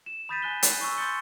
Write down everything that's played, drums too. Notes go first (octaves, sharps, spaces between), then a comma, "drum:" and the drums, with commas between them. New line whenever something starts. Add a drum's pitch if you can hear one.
E7
B5 D#6 G6 A6 B6 D#7
G#5 F#6 G7
F#6 C7, drum: hi-hat
C#6 E6
C6 D#6 G6 A6 C#7 G7